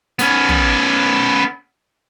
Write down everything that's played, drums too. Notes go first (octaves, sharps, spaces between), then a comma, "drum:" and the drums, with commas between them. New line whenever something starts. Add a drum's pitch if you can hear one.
B3 C#4, drum: hi-hat
drum: tom